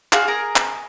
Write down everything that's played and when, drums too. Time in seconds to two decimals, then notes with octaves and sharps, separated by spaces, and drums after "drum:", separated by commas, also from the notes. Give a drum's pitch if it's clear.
0.13 F4 F#4 G#4 F5, drum: clap
0.28 G#4 A#4 A#5
0.56 drum: clap